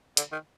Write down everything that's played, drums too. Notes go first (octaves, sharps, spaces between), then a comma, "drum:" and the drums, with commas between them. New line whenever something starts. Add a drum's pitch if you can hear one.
D3, drum: hi-hat
D#3